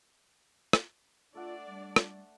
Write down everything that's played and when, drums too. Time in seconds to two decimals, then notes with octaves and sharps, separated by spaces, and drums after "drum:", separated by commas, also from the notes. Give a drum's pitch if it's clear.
0.73 drum: rim click
1.35 A3 D4 F4 D5 F#5
1.67 G3
1.96 drum: rim click